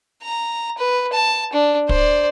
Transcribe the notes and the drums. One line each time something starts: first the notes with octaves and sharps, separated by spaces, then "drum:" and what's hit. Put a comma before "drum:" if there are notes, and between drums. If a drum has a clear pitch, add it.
A#5
B4
A5
D4
C5 D5, drum: kick